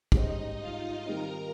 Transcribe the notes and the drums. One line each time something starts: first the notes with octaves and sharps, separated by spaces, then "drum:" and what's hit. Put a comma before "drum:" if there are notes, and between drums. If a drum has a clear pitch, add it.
G#2 G3 C#4 D#4 G#4 C5 D#5, drum: kick
F4 F5
D#3 G3 C4 D#4 A#4 A#5